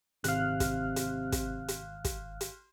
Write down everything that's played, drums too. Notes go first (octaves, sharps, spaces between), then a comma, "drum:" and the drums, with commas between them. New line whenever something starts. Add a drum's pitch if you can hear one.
G#1 C3 F5 F6 F#6, drum: hi-hat
drum: kick, hi-hat
drum: hi-hat
drum: kick, hi-hat
drum: hi-hat
drum: kick, hi-hat
drum: hi-hat